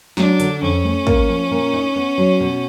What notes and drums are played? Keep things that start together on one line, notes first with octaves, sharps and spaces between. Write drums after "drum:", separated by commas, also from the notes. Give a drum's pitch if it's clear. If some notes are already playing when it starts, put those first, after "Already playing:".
F#3 D4, drum: snare
D3, drum: hi-hat
F2 C#4
A3
A#3, drum: kick
F3
A#2
D#4
B3
F#3
B2